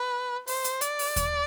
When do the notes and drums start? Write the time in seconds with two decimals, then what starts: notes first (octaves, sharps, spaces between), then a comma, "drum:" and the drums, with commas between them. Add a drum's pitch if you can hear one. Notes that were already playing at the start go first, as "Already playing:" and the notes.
Already playing: B4
0.47 C5, drum: open hi-hat
0.64 drum: hi-hat
0.81 D5, drum: hi-hat
0.99 drum: open hi-hat
1.16 drum: kick D#2, hi-hat